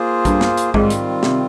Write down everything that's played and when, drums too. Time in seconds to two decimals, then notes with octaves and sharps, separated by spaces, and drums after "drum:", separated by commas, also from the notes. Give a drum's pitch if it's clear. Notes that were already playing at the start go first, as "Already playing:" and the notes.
Already playing: A#3 F4 G#4 C5
0.25 G2, drum: kick A#1, hi-hat
0.41 drum: snare
0.57 drum: hi-hat
0.74 G#2 D#3 G3 C4 F4, drum: kick A#1
0.90 drum: hi-hat
1.23 C3, drum: snare